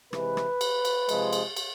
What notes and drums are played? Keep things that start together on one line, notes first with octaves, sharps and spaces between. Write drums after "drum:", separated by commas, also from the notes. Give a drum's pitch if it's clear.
C3 E3 G#3 B4, drum: rim click
drum: rim click
drum: cymbal
drum: cymbal
C3 F3 G#3, drum: cymbal
drum: cymbal
drum: cymbal